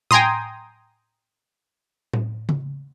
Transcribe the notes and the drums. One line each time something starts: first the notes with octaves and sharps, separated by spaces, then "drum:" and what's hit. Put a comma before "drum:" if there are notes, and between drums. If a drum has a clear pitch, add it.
G5 G#5 A#5 C6 D#6, drum: tom A2
drum: tom A2
drum: tom C#3